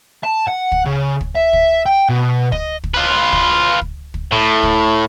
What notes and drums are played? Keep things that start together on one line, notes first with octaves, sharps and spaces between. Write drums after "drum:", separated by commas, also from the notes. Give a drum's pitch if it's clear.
A5
F#5
drum: kick
C#3
drum: kick
E5
drum: kick
G5
B2
D#5, drum: kick
drum: kick
F4 B4
drum: kick
drum: kick
drum: kick
A2
drum: kick